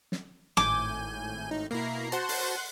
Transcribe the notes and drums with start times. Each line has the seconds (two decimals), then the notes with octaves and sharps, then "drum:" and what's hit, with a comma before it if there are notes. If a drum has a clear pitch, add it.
0.12 drum: snare
0.57 G#1 A2 G#5 D6 G6, drum: snare
1.51 D#4
1.71 B2 A#3 E4 A#5 C7
2.12 F#4 C5 F#5 A5 C6, drum: hi-hat
2.29 drum: open hi-hat